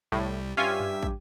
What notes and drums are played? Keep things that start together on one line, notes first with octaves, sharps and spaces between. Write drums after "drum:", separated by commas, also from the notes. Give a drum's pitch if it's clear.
C2 A2 G3
G2 C#4 F4 G4 E5 G#5
drum: tom F#2
drum: kick